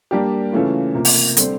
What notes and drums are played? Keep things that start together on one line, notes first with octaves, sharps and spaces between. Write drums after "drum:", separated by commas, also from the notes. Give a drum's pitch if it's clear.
G3 A#3 D4 G4
C#3 E3 A3 C#4 F4
C3 F3 A#3
drum: open hi-hat
D3 G3 C4, drum: hi-hat